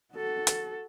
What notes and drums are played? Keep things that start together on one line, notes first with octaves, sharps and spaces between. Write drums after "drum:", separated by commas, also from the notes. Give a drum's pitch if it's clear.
F#4 A4
drum: hi-hat